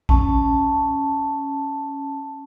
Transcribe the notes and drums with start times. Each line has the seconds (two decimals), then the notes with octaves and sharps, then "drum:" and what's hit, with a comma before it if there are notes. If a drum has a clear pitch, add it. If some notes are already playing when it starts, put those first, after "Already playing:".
0.09 C#4 A5, drum: kick A1